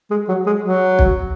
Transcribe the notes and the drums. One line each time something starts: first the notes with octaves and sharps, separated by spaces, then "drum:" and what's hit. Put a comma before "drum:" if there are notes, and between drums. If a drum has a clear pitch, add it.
G#3
F#3
G#3
F#3
drum: kick